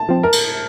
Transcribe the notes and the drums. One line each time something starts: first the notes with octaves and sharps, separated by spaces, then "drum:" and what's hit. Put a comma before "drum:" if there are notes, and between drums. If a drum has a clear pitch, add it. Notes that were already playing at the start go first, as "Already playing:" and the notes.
Already playing: A5
F3 C4
A#4
drum: cymbal